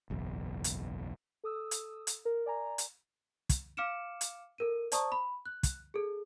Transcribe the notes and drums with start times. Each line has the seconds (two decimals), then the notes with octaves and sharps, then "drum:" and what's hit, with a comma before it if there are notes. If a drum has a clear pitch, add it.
0.10 F#1 B1 E2
0.64 drum: hi-hat
1.44 A4 D#6 E6
1.71 drum: hi-hat
2.07 drum: hi-hat
2.25 A#4
2.46 D5 G#5 A#5
2.78 drum: hi-hat
3.49 drum: kick, hi-hat
3.77 F5 D6 F6 C#7 D7 E7
4.21 drum: hi-hat
4.58 A4 A#4 D#7
4.92 C5 D5 A5 A#5 C#6 D#6, drum: hi-hat
5.12 B5
5.46 F#6
5.63 drum: kick, hi-hat
5.94 G#4 A4